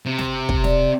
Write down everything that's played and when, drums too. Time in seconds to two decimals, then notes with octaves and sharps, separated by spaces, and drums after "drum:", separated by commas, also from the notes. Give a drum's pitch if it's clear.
0.06 C3
0.18 drum: snare
0.49 drum: kick
0.64 D5, drum: snare